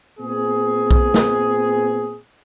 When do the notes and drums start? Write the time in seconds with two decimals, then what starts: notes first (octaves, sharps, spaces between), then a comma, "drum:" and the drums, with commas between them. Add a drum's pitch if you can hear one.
0.20 A#2 B3 C4 G#4
0.91 drum: kick B1
1.14 drum: snare